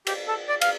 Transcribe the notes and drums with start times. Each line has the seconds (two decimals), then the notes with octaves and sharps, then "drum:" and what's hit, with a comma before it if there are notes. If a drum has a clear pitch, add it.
0.07 G4, drum: cymbal
0.28 A4
0.48 D5
0.61 F5, drum: cymbal